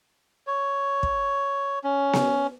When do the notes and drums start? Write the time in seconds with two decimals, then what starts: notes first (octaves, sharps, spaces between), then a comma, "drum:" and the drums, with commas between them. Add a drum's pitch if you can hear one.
0.47 C#5
1.03 drum: kick
1.84 C#4
2.13 drum: snare B3